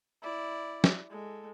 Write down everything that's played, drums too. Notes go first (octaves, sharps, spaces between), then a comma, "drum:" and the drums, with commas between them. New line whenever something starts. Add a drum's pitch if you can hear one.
E4 D5
drum: snare
G#3 A4